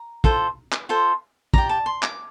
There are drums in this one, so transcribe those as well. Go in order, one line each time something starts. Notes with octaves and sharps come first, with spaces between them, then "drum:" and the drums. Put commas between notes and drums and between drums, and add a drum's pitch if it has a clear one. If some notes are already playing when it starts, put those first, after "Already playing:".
Already playing: A#5
F4 A4 C5, drum: kick
drum: clap
F4 A4 C5
G4 D5 A#5, drum: kick
A5
C6
D6, drum: clap